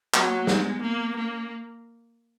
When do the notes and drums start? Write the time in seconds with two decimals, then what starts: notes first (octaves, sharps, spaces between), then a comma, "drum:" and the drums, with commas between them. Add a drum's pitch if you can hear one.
0.14 F#3 B3, drum: clap
0.26 A#3
0.37 A#3
0.47 G#3 B3, drum: snare
0.82 A#3
1.15 A#3 C#4